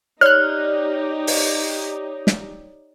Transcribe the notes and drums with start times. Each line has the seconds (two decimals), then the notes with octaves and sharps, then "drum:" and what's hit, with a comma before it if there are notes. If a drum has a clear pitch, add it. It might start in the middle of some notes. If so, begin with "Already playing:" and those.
0.21 D#4 G4 C#5 D5 F6 F#6
1.27 drum: open hi-hat
2.27 drum: snare